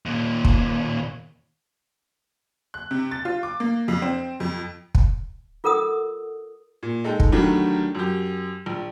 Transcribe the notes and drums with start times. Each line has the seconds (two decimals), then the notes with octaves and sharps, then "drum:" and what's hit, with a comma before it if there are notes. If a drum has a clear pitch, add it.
0.06 D#2 A#2
0.44 drum: kick
2.74 F#6
2.91 C3
3.11 A6
3.25 F4
3.43 D6
3.60 A#3
3.88 F2
4.02 C4
4.40 F2
4.95 drum: kick
5.64 F4 A4 A#4 F#5 D#6
6.83 A#2
7.04 G#3 D#4 A4 G5
7.20 drum: kick
7.32 D3 D#3 F#3 G3 A3 D4
7.95 F#2 G4
8.66 A#1